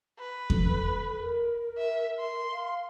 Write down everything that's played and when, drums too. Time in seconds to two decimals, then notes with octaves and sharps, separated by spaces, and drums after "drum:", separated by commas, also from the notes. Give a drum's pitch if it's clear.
0.19 B4
0.50 A4, drum: kick E2
1.19 A#4
1.77 E5
2.19 C6
2.52 F5